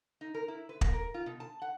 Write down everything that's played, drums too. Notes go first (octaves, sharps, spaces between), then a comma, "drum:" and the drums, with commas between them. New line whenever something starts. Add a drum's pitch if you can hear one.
D#4
A#4
E4
B4
A#3, drum: kick
A#4
F4
B2
A5
F#5